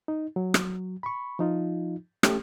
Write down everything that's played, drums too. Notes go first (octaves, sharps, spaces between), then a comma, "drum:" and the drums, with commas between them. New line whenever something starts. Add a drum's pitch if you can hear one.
D#4
F#3
drum: rim click
B5 C#6
F3 D#4 F4
A3 C#4 G4, drum: rim click